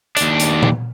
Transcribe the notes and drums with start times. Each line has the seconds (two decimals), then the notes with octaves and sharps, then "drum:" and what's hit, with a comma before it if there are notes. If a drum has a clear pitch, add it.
0.16 D#2 D4, drum: hi-hat
0.39 drum: hi-hat
0.62 drum: tom A#2